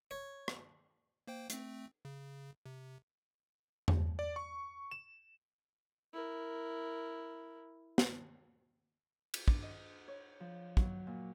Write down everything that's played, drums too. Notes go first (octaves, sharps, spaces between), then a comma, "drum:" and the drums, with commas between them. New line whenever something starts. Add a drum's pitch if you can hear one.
C#5
drum: rim click
A#3 C5 G5
A3 C4, drum: hi-hat
C#3
C3
drum: tom E2
D5
C#6
E7
E4 A#4
drum: snare
drum: cymbal
D4, drum: kick
D#5
C#5
F3
F#3, drum: kick
A#2